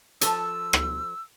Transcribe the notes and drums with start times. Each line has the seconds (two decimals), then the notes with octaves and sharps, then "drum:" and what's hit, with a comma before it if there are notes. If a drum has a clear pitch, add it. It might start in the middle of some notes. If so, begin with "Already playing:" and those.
0.21 F3 A4 E6, drum: hi-hat
0.73 drum: rim click